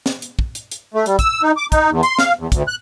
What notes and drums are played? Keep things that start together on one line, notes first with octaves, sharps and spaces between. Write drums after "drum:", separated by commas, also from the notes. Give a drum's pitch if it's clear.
drum: snare
drum: hi-hat
drum: kick
drum: hi-hat
drum: hi-hat
A3
G3, drum: hi-hat
E6, drum: kick, hi-hat
D#4
D6
D#4, drum: kick, hi-hat
E2
C6, drum: hi-hat
F5, drum: snare
E2
D2, drum: kick, hi-hat
F#6